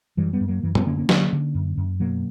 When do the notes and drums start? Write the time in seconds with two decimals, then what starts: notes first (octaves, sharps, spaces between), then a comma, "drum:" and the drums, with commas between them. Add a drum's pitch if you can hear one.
0.17 F#2 E3 G3
0.33 G3 B3
0.41 F#2
0.48 F#3 A#3
0.63 F#2 E3
0.75 G3 B3, drum: tom
0.86 D3 A#3 C#4
0.98 A#3 C#4
1.09 D3, drum: snare F#3
1.33 D3
1.55 F#2
1.77 F#2
2.00 B2 F#3 A#3